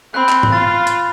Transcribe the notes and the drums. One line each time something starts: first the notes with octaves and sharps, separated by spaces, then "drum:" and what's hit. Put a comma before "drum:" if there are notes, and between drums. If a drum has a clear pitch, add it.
C4 B5 F#6
drum: clap
drum: tom G#2
F4 A6
drum: hi-hat